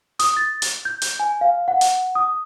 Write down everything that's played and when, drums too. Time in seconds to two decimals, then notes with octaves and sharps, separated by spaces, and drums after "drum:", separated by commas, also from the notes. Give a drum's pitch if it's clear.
0.19 D#6, drum: hi-hat
0.37 A6
0.62 drum: hi-hat
0.85 G6
1.02 drum: hi-hat
1.20 G#5
1.41 F5
1.68 F#5
1.81 drum: hi-hat
2.15 D#6